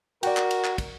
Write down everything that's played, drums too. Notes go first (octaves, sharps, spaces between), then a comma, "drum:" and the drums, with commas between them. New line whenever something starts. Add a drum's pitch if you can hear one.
F#4 A#4 D5 G5, drum: cymbal
drum: clap
drum: cymbal
drum: clap
drum: kick, cymbal